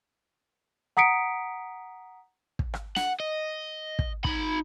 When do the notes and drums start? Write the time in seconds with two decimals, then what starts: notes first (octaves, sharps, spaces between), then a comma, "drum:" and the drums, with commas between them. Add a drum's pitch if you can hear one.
0.97 F#5 A#5 D#6 B6 C#7 D7
2.59 drum: kick
2.74 drum: rim click
2.96 F#5, drum: snare
3.20 D#5
3.99 drum: kick
4.24 D#4 B5, drum: kick